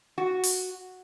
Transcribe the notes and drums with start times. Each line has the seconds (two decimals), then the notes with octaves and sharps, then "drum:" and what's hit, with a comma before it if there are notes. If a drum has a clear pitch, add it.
0.18 F#4
0.44 drum: open hi-hat